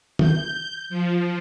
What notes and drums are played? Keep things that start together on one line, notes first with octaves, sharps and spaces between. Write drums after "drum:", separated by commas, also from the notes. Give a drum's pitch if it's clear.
G6, drum: tom D#3
F3